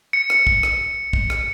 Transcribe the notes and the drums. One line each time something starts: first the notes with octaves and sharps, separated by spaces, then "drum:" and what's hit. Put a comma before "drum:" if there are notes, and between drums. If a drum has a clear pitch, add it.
C#7
drum: rim click
drum: kick
drum: rim click
drum: kick
drum: rim click